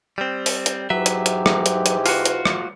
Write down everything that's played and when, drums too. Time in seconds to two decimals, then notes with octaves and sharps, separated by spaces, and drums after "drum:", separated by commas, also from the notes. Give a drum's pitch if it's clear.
0.18 G3 C4
0.46 drum: open hi-hat
0.66 drum: hi-hat
0.90 G#2 E3 F#3 G4 E5
1.06 drum: hi-hat
1.26 drum: hi-hat
1.46 drum: rim click
1.66 drum: hi-hat
1.86 drum: hi-hat
2.06 F4 F#4, drum: open hi-hat
2.26 drum: hi-hat
2.45 drum: rim click